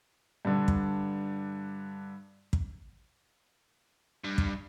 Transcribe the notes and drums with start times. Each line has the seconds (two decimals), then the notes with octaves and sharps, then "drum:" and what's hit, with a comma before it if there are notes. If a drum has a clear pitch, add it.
0.45 G2 D3
0.68 drum: kick
2.53 drum: kick
4.24 G2
4.38 drum: kick